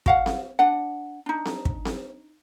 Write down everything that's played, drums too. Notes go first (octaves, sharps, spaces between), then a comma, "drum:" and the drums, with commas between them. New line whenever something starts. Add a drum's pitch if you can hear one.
F#4 F5 F#5, drum: kick
drum: snare C4
D4 F#5
D4 D#4
drum: snare C4
drum: kick
drum: snare C4